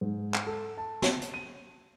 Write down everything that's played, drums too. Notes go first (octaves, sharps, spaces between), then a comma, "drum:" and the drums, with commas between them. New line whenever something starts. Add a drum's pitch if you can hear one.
G#2
drum: clap
A4
A5
drum: snare
drum: hi-hat
D#7